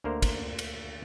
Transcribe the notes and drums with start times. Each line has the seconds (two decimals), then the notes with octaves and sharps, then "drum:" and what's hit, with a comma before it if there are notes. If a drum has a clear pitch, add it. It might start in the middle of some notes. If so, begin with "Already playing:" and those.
0.04 D2 D3 A#3 A#4 C5
0.22 drum: kick, cymbal
0.59 drum: cymbal